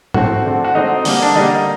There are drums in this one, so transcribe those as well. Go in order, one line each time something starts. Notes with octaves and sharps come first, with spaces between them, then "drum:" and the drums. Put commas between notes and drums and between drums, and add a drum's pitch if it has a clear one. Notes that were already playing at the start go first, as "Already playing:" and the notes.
A2 A3 C4 F#4, drum: tom G#2
D3 A3 C4
F#4
D3 A3 C4 D#4
D3 G3 A#3, drum: open hi-hat
D4
D3 G3 A#3 D#4